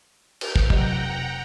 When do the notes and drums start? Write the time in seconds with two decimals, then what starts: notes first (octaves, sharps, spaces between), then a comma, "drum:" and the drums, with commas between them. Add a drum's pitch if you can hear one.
0.41 drum: cymbal
0.56 drum: kick
0.70 F1 F#3 G4 D#5 F#5 G5 A#5, drum: kick